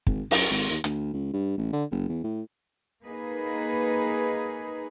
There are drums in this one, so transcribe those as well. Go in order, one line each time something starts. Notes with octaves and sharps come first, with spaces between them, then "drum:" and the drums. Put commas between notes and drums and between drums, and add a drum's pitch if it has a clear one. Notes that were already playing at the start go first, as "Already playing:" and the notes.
G#1, drum: kick
F#2, drum: open hi-hat
G#1
D#2
D2, drum: hi-hat
C#2
G2
A1
D3
F#1
E2
A2
A#3 D#4 G#4 B4